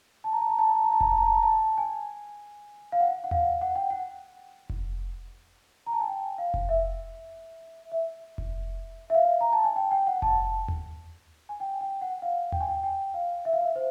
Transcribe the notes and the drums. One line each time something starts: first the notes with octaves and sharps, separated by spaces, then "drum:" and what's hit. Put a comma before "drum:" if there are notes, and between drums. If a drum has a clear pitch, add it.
A5
A#5
A5
A#5
A5
A#5
A5
A#5
A5
A#5, drum: kick F1
A5
A#5
A5
A#5
A5
G#5
F5
F#5
F#5
F5, drum: tom D#2
F#5
G5
F#5
drum: kick F1
A#5
A5
G#5
G5
F5
drum: kick F1
E5
E5
drum: kick F1
E5
F5
A#5
A5
G#5
G5
G5
F#5
A5, drum: kick F1
drum: tom D#2
G#5
G5
G5
F#5
F5
G5, drum: tom D#2
G#5
G5
G5
F5
E5
F5
E5
C5